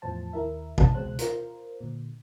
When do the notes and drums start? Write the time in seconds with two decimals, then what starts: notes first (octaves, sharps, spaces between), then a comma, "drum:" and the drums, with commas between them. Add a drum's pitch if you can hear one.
0.02 E2 A2 F3 C5 A5
0.33 D#2 E4 A#4 E5
0.78 G#2 A5, drum: kick
0.95 C#2 B2 G#3 C4 C5 F#6
1.19 F4 A#4 C5, drum: hi-hat
1.81 A#2 D3